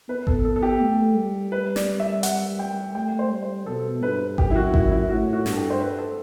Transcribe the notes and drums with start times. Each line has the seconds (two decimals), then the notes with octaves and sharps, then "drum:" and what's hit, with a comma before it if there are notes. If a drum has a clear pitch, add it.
0.09 B3 B4
0.27 A4, drum: kick G#1
0.45 A4
0.56 A4
0.63 G4
0.81 A3
1.16 G3
1.52 B4
1.76 D5, drum: snare
2.00 E5
2.23 F#5, drum: hi-hat
2.59 G5
2.95 A3 G5
3.19 C5
3.31 G3
3.43 C5
3.66 B2 A4
4.02 G2 B4
4.38 F#2 G4, drum: kick G#1
4.51 E4
4.56 F#4
4.74 E4, drum: kick G#1
4.91 E4
5.09 A2 F#4
5.33 F#4
5.46 G2, drum: snare
5.52 A4
5.57 G4
5.70 C5
5.81 B4
5.98 A4